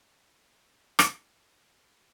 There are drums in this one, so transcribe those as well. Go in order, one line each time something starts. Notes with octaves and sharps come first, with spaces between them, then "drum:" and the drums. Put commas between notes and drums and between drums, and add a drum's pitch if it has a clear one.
A4
drum: rim click
B4